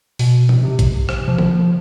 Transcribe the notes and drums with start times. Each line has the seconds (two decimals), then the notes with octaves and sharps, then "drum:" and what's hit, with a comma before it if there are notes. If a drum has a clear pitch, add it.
0.19 B2, drum: open hi-hat
0.49 drum: tom E3
0.63 C3
0.79 drum: kick A1, hi-hat
1.09 drum: rim click
1.28 F3
1.39 drum: tom